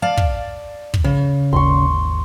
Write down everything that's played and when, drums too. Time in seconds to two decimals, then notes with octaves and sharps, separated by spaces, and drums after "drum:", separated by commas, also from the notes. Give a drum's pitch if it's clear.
0.02 D5 F5 A5
0.17 drum: kick
0.94 drum: kick
1.04 C#3
1.53 G#1 D#2 C6 C#6